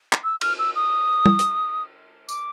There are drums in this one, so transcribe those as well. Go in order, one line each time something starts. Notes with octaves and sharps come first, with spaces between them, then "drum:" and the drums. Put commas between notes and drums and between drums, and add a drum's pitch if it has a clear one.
drum: clap
E6
F6, drum: cymbal
E6
D#6
drum: tom
drum: hi-hat
D6, drum: tambourine